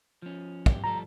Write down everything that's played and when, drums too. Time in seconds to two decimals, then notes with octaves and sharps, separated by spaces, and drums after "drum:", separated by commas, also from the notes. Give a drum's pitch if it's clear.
0.22 F3 C#4
0.66 F#2 G4, drum: kick
0.84 F3 G3 A4 A#5